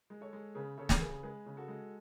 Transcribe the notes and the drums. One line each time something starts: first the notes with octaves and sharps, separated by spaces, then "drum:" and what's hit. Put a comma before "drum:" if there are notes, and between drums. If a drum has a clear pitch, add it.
G#3
A4 C#5
G#3
C#3 G#4 B4
C#3 A4 C#5
drum: snare
C#3 G#4 B4
G#3 G#4 B4
C#3
F#4 A4
G#3